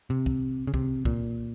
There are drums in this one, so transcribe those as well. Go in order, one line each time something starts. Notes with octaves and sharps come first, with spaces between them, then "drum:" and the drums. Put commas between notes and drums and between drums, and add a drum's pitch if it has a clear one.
C3
drum: kick C2
C#3
C3, drum: kick C2
A#2, drum: kick C2